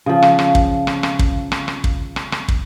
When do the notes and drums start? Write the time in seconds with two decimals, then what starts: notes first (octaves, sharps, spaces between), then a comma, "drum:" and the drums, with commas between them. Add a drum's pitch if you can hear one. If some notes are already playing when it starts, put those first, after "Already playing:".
0.06 C#3 F3
0.22 drum: rim click
0.39 drum: rim click
0.55 drum: kick
0.87 drum: rim click
1.03 drum: rim click
1.19 drum: kick
1.52 drum: rim click
1.68 drum: rim click
1.84 drum: kick
2.16 drum: rim click
2.32 drum: rim click
2.48 drum: kick